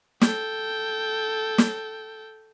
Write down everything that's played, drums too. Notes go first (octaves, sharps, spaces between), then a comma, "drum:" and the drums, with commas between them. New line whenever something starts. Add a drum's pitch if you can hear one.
A4 G5, drum: snare
drum: snare